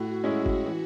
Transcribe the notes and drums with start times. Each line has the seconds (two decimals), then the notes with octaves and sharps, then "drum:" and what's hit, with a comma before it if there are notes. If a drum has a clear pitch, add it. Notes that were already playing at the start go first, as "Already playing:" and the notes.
Already playing: A2 F#4
0.24 G#3 C#4 E4
0.46 drum: kick G1
0.66 E3